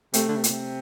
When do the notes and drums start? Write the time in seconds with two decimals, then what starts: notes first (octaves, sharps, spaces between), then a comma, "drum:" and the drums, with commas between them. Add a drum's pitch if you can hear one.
0.14 C3 A3, drum: hi-hat
0.28 D3
0.36 C3
0.44 A#2, drum: hi-hat
0.50 C3